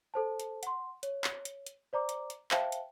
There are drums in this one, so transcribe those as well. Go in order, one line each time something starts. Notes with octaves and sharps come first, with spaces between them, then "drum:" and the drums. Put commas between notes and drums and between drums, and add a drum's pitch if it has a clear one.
A4 C5 A5
drum: hi-hat
F#5 C6, drum: hi-hat
C#5, drum: hi-hat
drum: clap
drum: hi-hat
drum: hi-hat
C5 D5 A#5 D6
drum: hi-hat
drum: hi-hat
C5 E5 F5 G5 A5, drum: clap
drum: hi-hat